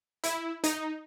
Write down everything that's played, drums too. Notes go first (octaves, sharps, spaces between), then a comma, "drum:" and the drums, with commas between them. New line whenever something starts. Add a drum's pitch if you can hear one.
E4, drum: hi-hat
D#4, drum: hi-hat